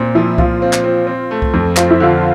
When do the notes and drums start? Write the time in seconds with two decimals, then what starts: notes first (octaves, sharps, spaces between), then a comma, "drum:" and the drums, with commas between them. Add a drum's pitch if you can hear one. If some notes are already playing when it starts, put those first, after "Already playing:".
Already playing: A#2 C4
0.15 F3 E4
0.38 F3 F4, drum: kick C2
0.62 C4
0.73 drum: clap
0.84 C4
1.07 C4
1.31 A3
1.42 drum: kick C2
1.54 F2
1.77 C4 F4, drum: clap
1.90 E4
2.00 D3 F4